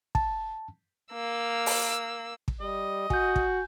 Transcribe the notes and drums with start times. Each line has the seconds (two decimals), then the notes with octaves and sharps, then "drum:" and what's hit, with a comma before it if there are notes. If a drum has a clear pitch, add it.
0.15 A5, drum: kick
1.13 A#3 E6
1.66 drum: open hi-hat
2.48 drum: kick
2.61 G3 D#5
3.10 F#4 G#5 G6, drum: kick
3.36 drum: kick